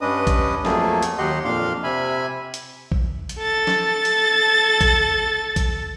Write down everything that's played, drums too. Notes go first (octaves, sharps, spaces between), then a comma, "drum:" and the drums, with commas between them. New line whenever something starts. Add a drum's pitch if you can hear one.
G2 C#4 D4 B4 D#5 D#6
drum: kick A#1, hi-hat
F2 F#3 A3 A#3 G#4 A4, drum: snare
drum: hi-hat
D#2 F#3 G4 D#5 F#5 C6
F2 A#2 D4 F5 C6 F6
C3 E5 G#5 B5
drum: hi-hat
drum: kick A#1
drum: hi-hat
A4 A6
drum: snare
drum: hi-hat
drum: kick A#1, hi-hat
drum: kick A#1, hi-hat